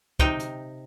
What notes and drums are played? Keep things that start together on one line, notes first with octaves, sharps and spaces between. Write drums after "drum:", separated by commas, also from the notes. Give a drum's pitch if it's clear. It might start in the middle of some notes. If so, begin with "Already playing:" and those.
C3 D#4 G5, drum: kick
drum: hi-hat